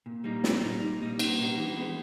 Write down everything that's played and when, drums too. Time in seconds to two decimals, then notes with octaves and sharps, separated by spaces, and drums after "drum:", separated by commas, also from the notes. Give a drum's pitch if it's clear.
0.06 A#2
0.24 G3 A#3 D#4
0.44 A#2, drum: snare
0.63 G3 A#3 D#4
0.81 A#2
1.00 G3 A#3 D#4
1.19 A#2, drum: cymbal
1.39 G3 A#3 D#4
1.58 E3
1.77 G#3 B3